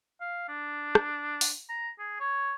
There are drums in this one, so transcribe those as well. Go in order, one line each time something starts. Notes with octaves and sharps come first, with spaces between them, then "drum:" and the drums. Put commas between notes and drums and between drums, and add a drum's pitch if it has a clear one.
F5
D4
drum: rim click
drum: open hi-hat
A#5
G#4
C#5